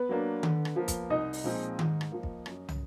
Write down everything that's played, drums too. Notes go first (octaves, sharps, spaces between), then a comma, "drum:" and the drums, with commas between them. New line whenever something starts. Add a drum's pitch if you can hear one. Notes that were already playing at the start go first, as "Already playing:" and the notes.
Already playing: B3 B4
F#3 A#3 D4
D3, drum: tom D#3
drum: rim click
F3 A#3
drum: kick, hi-hat
C2 D#4 D#5
drum: open hi-hat
A#2 F3 G#3 C4
G#2, drum: tom D#3
drum: rim click
F3 A#3
drum: kick
F#2, drum: rim click
drum: tom